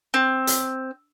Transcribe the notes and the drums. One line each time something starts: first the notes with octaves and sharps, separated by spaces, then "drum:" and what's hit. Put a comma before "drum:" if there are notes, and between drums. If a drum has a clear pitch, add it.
C4
drum: hi-hat